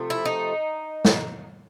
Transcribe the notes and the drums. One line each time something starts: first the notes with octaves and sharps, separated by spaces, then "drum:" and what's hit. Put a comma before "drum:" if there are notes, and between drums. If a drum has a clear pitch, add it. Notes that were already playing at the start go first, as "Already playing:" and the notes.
Already playing: C3 F3 A3
E4
D#4
drum: snare